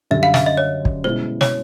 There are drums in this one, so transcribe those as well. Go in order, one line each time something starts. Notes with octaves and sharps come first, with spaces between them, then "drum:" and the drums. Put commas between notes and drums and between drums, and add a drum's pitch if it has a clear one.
F#2 D3 G3 E5
F5
E5, drum: snare
D#5
C#5
drum: kick
B2 G#3 C#4 E4 C5
C#5, drum: snare